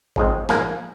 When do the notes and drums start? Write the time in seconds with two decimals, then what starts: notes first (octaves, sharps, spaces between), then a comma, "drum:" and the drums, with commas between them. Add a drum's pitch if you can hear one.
0.16 G#2 F3 G#3 C4, drum: kick G#1
0.49 A#1 G#2 F3 A#3 F5 G#5, drum: snare